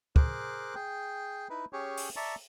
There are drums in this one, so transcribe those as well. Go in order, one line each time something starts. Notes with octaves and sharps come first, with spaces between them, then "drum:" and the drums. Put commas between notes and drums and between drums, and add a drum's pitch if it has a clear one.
G#4 A#4 C5 D6 F#6, drum: kick
G#4 G5
D#4 E4 B4
C#4 G4 G#4 C#5
drum: open hi-hat
D5 E5 A5 A#5 C#6